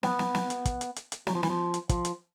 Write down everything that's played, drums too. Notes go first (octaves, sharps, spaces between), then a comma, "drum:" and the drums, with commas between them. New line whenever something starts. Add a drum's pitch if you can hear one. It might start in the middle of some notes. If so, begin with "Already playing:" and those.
B3, drum: snare
drum: snare
drum: snare
drum: hi-hat
drum: kick, hi-hat
drum: hi-hat
drum: hi-hat
drum: hi-hat
F#3, drum: snare
F3
E3, drum: snare
F3
drum: hi-hat
F3, drum: kick, hi-hat
drum: hi-hat